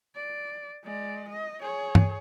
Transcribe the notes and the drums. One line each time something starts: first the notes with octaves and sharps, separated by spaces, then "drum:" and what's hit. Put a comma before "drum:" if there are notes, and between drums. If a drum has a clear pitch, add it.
D5
G#3 D5
D#5
G#4 C#5
drum: tom G2